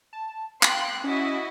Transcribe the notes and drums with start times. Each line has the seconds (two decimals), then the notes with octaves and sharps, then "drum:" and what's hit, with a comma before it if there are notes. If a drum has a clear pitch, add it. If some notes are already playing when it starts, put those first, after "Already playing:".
0.13 A5
0.63 F5 G5 C6 F#6, drum: clap
1.04 C#4 E4 F#4 D#5